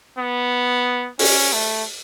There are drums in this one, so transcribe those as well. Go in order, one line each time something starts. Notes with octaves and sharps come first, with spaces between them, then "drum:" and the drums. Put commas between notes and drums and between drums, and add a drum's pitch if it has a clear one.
B3
C#4, drum: open hi-hat
A3